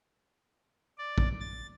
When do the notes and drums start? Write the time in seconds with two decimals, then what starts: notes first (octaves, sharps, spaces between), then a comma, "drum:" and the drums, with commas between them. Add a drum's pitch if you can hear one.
0.98 D5
1.18 drum: kick
1.40 A6